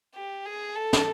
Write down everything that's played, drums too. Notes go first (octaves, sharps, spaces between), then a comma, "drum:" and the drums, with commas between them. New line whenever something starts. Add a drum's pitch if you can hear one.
G4
G#4
A4
drum: snare